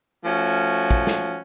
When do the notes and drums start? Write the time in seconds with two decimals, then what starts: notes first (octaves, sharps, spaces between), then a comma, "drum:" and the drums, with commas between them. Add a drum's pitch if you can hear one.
0.25 F3 A3 C#4 F#4
0.91 drum: kick
1.07 drum: snare